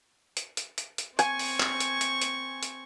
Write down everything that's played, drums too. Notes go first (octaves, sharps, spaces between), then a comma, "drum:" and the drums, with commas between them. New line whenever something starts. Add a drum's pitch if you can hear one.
drum: hi-hat
drum: hi-hat
drum: hi-hat
drum: hi-hat
C4 G#5 C#6, drum: hi-hat
drum: open hi-hat
drum: clap
drum: hi-hat
drum: hi-hat
drum: hi-hat
drum: hi-hat